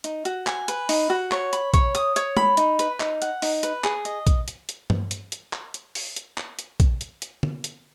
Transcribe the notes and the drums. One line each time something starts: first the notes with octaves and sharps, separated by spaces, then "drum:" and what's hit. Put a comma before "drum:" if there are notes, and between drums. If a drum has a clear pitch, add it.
D#4, drum: hi-hat
F#4, drum: hi-hat
G#5, drum: clap
B4, drum: hi-hat
D#4, drum: open hi-hat
F#4
C#5, drum: clap
B5, drum: hi-hat
C#5, drum: kick, hi-hat
D#6, drum: hi-hat
C#5, drum: hi-hat
B5, drum: tom G#3
D#4, drum: hi-hat
B4, drum: hi-hat
D#4, drum: clap
F#5, drum: hi-hat
D#4, drum: open hi-hat
B4, drum: hi-hat
G#4, drum: clap
D#5, drum: hi-hat
drum: kick, hi-hat
drum: hi-hat
drum: hi-hat
drum: tom G2
drum: hi-hat
drum: hi-hat
drum: clap
drum: hi-hat
drum: open hi-hat
drum: hi-hat
drum: clap
drum: hi-hat
drum: kick, hi-hat
drum: hi-hat
drum: hi-hat
drum: tom D3
drum: hi-hat